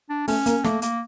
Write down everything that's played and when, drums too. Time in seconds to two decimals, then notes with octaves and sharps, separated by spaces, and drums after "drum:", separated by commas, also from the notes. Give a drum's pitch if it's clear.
0.10 D4
0.28 A3 C#4, drum: open hi-hat
0.46 A#3, drum: hi-hat
0.64 A3 A#3, drum: snare
0.82 A#3, drum: hi-hat